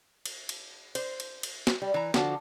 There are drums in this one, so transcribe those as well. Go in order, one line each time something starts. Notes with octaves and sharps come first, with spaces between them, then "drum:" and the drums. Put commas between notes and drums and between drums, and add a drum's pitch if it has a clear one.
drum: cymbal
drum: cymbal
C5, drum: cymbal
drum: cymbal
drum: cymbal
drum: snare
G3
E3 A#5
D3 F3 F#4 A5, drum: snare